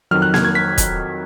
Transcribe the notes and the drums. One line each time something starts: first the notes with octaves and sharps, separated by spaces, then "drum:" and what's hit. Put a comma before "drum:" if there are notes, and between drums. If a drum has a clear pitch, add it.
F2 D#3 F#3 F6
F#6
G#6, drum: snare A#3
G#6
B6
drum: kick, hi-hat